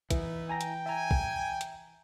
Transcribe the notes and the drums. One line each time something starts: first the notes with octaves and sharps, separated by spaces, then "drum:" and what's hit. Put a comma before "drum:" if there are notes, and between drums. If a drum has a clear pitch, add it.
E3 B3 D#4 E5, drum: kick, hi-hat
G5 G#5 A#5 A#6
drum: hi-hat
E5 G#5 A#5
drum: kick
drum: hi-hat